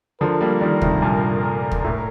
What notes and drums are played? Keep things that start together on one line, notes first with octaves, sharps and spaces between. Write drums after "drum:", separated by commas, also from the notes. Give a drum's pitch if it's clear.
D3 F3 A#4
G3 A#3
D#3 G3
C3 D#3, drum: kick
G2 A#2
drum: kick
A2